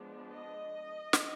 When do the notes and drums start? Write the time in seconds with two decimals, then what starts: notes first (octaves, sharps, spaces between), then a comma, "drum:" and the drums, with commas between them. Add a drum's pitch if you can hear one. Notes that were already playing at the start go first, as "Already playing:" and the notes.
Already playing: F3 G#3 B3 D4
0.33 D#5
1.13 drum: snare